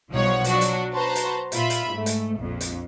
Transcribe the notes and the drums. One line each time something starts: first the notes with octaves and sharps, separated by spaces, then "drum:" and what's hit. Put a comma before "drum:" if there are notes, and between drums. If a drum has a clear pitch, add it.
B1 F3 G3 D#4 C#5 F#5
F#3 D4 F#4, drum: hi-hat
drum: hi-hat
F#4 B4 C5 A5 A#5 C6
drum: hi-hat
A#2 F4 E5 B5, drum: hi-hat
drum: hi-hat
G#2 A3
drum: hi-hat
A#1 F2
drum: hi-hat